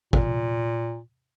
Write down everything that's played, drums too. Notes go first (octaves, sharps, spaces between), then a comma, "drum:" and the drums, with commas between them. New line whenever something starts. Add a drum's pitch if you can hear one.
A#2, drum: kick